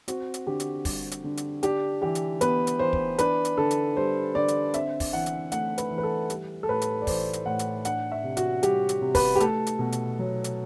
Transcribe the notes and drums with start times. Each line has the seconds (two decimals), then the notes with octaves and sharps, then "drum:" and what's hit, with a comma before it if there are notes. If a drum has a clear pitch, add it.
0.08 C4 F#4, drum: hi-hat
0.34 drum: hi-hat
0.47 D3 G4
0.60 drum: hi-hat
0.85 G3, drum: kick, open hi-hat
1.11 drum: hi-hat
1.24 D3
1.37 drum: hi-hat
1.63 D4 G4, drum: hi-hat
2.02 E3 G4
2.15 drum: hi-hat
2.41 B3 B4, drum: hi-hat
2.67 drum: hi-hat
2.79 E3 C5
2.93 drum: kick
3.18 D4 B4, drum: hi-hat
3.45 drum: hi-hat
3.58 D3 A4
3.71 drum: hi-hat
3.97 G3 C5
4.35 D3 D5
4.48 drum: hi-hat
4.74 C4 E5, drum: hi-hat
5.00 drum: kick, open hi-hat
5.13 E3 F#5
5.26 drum: hi-hat
5.52 A3 F#5, drum: hi-hat
5.78 B4, drum: hi-hat
5.91 E3
5.98 B4
6.03 A4
6.30 G3, drum: hi-hat
6.63 A4
6.69 A2 B4
6.82 drum: hi-hat
7.02 D5
7.07 E3 C5, drum: kick, open hi-hat
7.33 drum: hi-hat
7.46 A2 F#5
7.59 drum: hi-hat
7.85 D4 F#5, drum: hi-hat
8.12 E5
8.24 C3
8.37 F#4, drum: hi-hat
8.63 G3 G4, drum: hi-hat
8.89 drum: hi-hat
9.02 C3
9.15 B4, drum: kick, open hi-hat
9.36 G4
9.40 A3 A4, drum: hi-hat
9.67 drum: hi-hat
9.79 B2
9.92 drum: hi-hat
10.19 F#3
10.44 drum: hi-hat